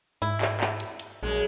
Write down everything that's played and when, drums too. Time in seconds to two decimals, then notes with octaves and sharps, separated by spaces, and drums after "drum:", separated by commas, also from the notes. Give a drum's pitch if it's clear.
0.22 G#2 E4, drum: hi-hat
0.41 drum: clap
0.61 drum: clap
0.80 drum: hi-hat
0.99 drum: hi-hat
1.23 A#1 F#2 G#3